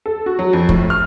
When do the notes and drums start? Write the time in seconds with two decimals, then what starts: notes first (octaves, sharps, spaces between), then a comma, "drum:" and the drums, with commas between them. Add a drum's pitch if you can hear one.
0.06 A4
0.26 F#4
0.39 F#3
0.53 F2
0.69 A2, drum: kick
0.90 F6